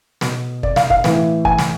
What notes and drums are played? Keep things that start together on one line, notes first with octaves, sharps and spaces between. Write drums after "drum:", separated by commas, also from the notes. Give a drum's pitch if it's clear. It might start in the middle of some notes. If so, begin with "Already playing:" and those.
B2, drum: snare
D5, drum: kick
F5, drum: snare
F5, drum: kick
A2 E3, drum: snare
G#5, drum: kick
drum: snare